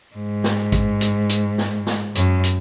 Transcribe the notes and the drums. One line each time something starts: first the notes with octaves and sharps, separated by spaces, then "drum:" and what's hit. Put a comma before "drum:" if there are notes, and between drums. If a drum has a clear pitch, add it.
G#2
drum: snare
drum: kick A1, hi-hat
drum: hi-hat
drum: hi-hat
drum: snare
drum: snare
F#2, drum: hi-hat
drum: hi-hat